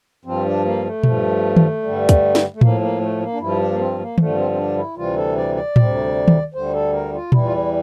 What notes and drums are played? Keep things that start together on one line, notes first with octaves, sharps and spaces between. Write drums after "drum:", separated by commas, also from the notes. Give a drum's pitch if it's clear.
G2 F3 C4
D4
A#3
A3
G2 F3, drum: tom A#2
drum: tom D#3
G2 D3 G3
drum: kick, hi-hat
drum: snare
A3
A2 F3 A#3, drum: tom A2
A#3
A3
A#3
D4
G2 F3 E4
D4
A#3
C4
A#3
G2 D3 F3 A3, drum: tom D#3
C4
C4
D4
E4
D2 C3 E3 G3 F4
A4
D5
D5
D2 C3 G3, drum: tom A2
drum: tom D#3
D2 D3 G3 C5
A4
A#4
F4
E2 E3 G3 E4, drum: tom A#2
F4
E4